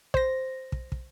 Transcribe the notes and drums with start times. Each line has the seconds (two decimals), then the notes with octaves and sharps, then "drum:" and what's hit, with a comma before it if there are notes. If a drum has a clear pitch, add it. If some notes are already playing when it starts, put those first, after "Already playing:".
0.14 C5 A#6, drum: kick
0.72 drum: kick
0.92 drum: kick